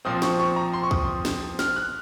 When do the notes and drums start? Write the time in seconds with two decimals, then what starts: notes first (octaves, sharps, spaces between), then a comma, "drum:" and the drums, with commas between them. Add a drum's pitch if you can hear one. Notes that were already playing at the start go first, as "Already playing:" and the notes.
0.05 A#2 F3 C4 D#6
0.22 C#6, drum: snare
0.39 C#6
0.56 A#5
0.73 C6
0.83 C#6
0.91 D#6, drum: kick B1
1.25 drum: snare
1.59 F6, drum: snare
1.76 F#6